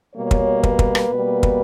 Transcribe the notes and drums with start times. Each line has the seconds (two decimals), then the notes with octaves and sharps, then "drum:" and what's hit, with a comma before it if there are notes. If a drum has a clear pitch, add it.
0.15 B2 G3 A#3 C#5
0.31 drum: kick
0.63 B4, drum: kick
0.79 drum: kick
0.95 drum: rim click
1.10 B2 G3 A#3
1.43 drum: kick